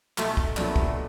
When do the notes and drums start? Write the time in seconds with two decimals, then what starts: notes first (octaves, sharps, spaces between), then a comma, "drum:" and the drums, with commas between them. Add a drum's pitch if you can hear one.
0.18 B1 A3, drum: clap
0.37 drum: kick
0.57 A#2 F#3 A3 B3 D4, drum: clap
0.76 drum: kick